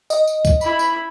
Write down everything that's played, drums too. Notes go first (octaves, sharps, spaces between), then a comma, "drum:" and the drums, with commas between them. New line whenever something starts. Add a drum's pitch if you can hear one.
D#5, drum: tambourine
drum: tambourine
drum: kick, tambourine
E4 B5, drum: tambourine
drum: tambourine